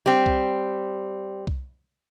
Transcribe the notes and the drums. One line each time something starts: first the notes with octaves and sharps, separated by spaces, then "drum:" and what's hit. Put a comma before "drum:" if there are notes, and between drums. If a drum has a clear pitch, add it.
G3 C4
drum: kick C2
drum: kick C2